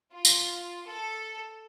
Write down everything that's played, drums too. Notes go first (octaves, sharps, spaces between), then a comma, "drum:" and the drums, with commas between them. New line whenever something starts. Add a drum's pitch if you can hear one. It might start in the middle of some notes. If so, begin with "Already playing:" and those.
F4
drum: tambourine
A4